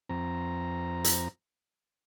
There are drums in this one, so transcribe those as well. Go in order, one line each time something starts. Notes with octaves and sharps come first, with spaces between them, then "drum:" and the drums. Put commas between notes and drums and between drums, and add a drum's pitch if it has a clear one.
F2 C4 A#5
drum: hi-hat